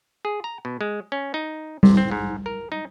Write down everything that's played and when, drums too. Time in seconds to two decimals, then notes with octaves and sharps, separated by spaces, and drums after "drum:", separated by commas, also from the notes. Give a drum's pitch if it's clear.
0.25 G#4
0.44 A#5
0.65 B2
0.81 G#3
1.12 C#4
1.34 D#4
1.83 C3, drum: tom G3
1.97 C4
2.11 G#2
2.46 A#4
2.72 D#4